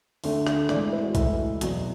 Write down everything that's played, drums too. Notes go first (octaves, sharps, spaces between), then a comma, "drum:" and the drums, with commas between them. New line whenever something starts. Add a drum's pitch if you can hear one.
D2 D3 A3, drum: open hi-hat
drum: rim click
A2 E3 G#3 D5, drum: rim click
B4
F#4
A2 E3 G#3 E4, drum: kick, hi-hat
E2 B2 F#3, drum: hi-hat